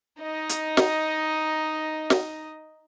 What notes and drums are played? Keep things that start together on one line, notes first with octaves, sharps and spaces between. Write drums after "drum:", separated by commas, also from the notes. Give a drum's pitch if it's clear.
D#4 D#5
drum: hi-hat
drum: snare
drum: snare